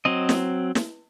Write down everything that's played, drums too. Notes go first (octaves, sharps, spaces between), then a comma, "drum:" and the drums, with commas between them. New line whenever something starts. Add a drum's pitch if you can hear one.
F#3 C4 D#5
drum: snare
drum: snare